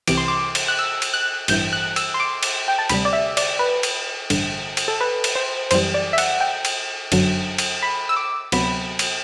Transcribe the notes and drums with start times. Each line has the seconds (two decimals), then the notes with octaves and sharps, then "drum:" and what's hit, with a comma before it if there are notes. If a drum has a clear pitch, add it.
0.08 C2 C3 E3 D6, drum: cymbal
0.17 C6
0.28 D6
0.55 drum: cymbal
0.68 F#6
0.79 E6
1.02 drum: cymbal
1.14 F#6
1.48 A1 G2 E3 G6, drum: cymbal
1.73 F#6
1.96 E6, drum: cymbal
2.14 C6
2.20 D6
2.43 drum: cymbal
2.68 G5
2.78 A5
2.89 D2 C3 G3 B5, drum: cymbal
3.05 D5
3.13 E5
3.37 D5, drum: cymbal
3.59 B4
3.83 drum: cymbal
4.30 A1 G2 D3, drum: cymbal
4.77 drum: cymbal
4.88 A4
5.01 B4
5.24 drum: cymbal
5.35 C5
5.71 F#2 E3 G3 C5, drum: cymbal
5.94 D5
6.13 E5
6.18 F#5, drum: cymbal
6.41 G5
6.65 drum: cymbal
7.12 G1 F#2 D3 F#3, drum: cymbal
7.58 drum: cymbal
7.83 B5
8.09 E6
8.17 D6
8.52 D2 C3 F#3 B3 B5, drum: cymbal
8.99 drum: cymbal